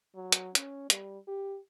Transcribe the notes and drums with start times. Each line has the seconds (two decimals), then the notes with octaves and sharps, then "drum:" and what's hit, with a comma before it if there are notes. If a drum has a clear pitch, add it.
0.16 F#3
0.32 drum: hi-hat
0.55 C#4, drum: hi-hat
0.90 G3, drum: hi-hat
1.28 G4